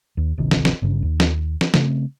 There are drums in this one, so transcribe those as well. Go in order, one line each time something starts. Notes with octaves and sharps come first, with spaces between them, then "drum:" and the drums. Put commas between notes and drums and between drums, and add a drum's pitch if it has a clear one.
D#2
D1 G1 C3 D#3
drum: snare
drum: snare
G1 G2 C#3
D#2
drum: snare
drum: snare
C#3 A3 C4, drum: snare